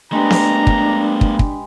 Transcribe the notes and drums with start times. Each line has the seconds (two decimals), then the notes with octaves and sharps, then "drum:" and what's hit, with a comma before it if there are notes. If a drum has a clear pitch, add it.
0.12 G#3 A3 B3 D4 G4 B4 A#5
0.30 drum: snare B3
0.67 drum: kick
1.21 drum: kick
1.39 drum: kick